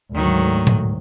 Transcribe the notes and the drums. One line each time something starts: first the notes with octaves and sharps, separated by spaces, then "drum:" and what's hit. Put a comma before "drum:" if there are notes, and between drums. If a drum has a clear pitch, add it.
D2 G#2 D#3 F#3
drum: tom A2